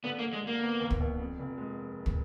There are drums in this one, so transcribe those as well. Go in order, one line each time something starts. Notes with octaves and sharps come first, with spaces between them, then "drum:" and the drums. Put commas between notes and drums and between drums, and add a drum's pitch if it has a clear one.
D3 B3
A#3
D3
G#3
D3 A#3
B3
D#2
drum: kick
D#2
F2
F1
G#3
drum: kick